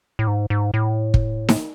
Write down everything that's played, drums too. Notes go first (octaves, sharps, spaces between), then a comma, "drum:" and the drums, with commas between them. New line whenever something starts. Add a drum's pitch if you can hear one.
A2
G#2
G#2
A2
drum: kick
drum: snare D#4